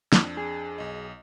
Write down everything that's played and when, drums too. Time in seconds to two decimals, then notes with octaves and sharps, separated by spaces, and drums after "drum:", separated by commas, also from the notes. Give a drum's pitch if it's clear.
0.12 F2 D4, drum: snare
0.37 G#4
0.78 B1 D#5